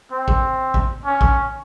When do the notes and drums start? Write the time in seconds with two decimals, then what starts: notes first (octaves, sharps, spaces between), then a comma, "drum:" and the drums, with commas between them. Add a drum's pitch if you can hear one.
0.12 C4
0.28 drum: kick A1
0.74 drum: kick A1
1.05 C#4
1.21 drum: kick A1